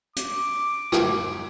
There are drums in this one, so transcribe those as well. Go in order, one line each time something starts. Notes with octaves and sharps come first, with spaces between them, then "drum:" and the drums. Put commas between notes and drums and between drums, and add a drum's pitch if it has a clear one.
D6, drum: hi-hat
drum: rim click